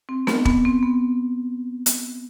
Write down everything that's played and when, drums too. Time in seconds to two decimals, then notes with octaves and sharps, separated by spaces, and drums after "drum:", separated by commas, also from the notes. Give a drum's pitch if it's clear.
0.09 C4
0.27 B3, drum: snare
0.45 B3, drum: kick E1
0.65 C4
0.83 B3
1.86 drum: hi-hat